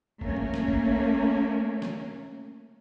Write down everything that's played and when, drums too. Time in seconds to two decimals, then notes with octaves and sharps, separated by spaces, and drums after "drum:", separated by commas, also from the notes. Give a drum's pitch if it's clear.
0.21 A3 A#3 C#4, drum: kick F#1
0.36 drum: tom G2
0.54 drum: snare
0.68 drum: kick F#1
1.82 drum: snare